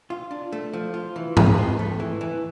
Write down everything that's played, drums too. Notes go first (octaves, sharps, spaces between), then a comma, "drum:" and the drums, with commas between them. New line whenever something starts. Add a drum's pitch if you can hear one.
F4
D4
A3
F3
F4
E3
E3, drum: tom G#2
C4
A3
E3
E3